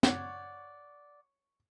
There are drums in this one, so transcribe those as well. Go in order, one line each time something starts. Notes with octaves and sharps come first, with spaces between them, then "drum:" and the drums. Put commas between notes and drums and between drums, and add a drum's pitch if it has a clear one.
C#5 D5 F#5, drum: snare